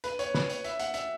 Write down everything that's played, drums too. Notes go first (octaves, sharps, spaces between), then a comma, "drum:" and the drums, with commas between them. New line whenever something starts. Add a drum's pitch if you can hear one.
B4, drum: hi-hat
C#5, drum: hi-hat
B4, drum: snare
C#5, drum: hi-hat
E5, drum: hi-hat
F#5, drum: hi-hat
E5, drum: hi-hat